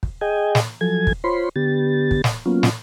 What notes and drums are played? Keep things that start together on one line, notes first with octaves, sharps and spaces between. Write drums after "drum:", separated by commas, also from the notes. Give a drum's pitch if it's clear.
drum: kick
G#4 D#5 G5 G#5
drum: snare
F3 F#3 A4 G#5 G#6
drum: kick
F4 C5 C#5 B5 C6
D3 B3 G4 A6
drum: kick
drum: snare
F#3 A#3 B3 C#4 F4
drum: snare